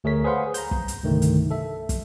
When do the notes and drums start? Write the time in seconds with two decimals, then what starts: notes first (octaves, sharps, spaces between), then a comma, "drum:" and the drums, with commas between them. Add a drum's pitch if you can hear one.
0.04 D2 A3 G#4 A#4 C#5 B6
0.24 G#4 B4 C5 F5 F#5 C6
0.54 A#5 G6, drum: hi-hat
0.71 drum: kick
0.88 drum: hi-hat
1.03 C2 G2 D3 D#3 A3
1.22 drum: hi-hat
1.51 A4 E5
1.89 drum: kick, hi-hat